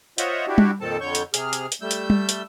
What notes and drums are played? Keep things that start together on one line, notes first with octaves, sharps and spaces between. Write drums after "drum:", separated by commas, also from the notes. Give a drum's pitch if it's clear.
F4 C5 C#5 D#5 E5 F#5, drum: hi-hat
D4 E4 F#4 G4
drum: tom G3
F2 A#2 D#3 C4 A4 A5
F2 D3 C#5 C#6 G6
drum: hi-hat
C3 G#4 F6, drum: hi-hat
drum: hi-hat
drum: hi-hat
G3 A3 E6 G6
drum: hi-hat
drum: tom G3
drum: hi-hat